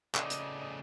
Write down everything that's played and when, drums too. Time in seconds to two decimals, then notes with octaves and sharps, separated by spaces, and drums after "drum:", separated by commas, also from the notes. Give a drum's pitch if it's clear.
0.15 C#3 A3 D5 D#5, drum: clap
0.30 drum: hi-hat